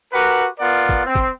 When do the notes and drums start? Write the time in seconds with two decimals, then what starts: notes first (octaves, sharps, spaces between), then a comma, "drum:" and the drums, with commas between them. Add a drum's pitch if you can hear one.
0.13 F#4 G4 A#4 B4 F#5
0.59 B3 F4 A#4 D5 F#5
0.89 drum: kick
1.06 C4
1.15 drum: kick